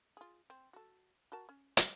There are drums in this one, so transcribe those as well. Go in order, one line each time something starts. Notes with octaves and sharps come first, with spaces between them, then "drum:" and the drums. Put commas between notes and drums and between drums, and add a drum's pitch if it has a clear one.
F4 G#4
C4
F#4 A4
F#4 A#4 A5
C#4
F4 G5, drum: hi-hat